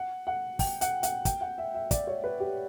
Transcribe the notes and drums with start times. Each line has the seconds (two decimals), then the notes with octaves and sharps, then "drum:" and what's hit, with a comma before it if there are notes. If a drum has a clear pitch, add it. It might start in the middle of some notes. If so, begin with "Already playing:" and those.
Already playing: F#5
0.27 F#5
0.59 G5, drum: kick, open hi-hat
0.81 F#5, drum: hi-hat
1.03 F#5, drum: hi-hat
1.25 G5, drum: kick, hi-hat
1.41 F#5
1.58 E5
1.74 E5
1.91 D5, drum: kick, hi-hat
2.07 C#5
2.24 B4
2.40 G4